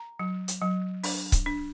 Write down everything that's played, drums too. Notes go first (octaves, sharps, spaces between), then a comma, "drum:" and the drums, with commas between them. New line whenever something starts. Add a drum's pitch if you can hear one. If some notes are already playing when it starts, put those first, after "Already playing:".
Already playing: A#5
F#3
drum: hi-hat
F#3
D4, drum: open hi-hat
drum: kick C#1, hi-hat
D4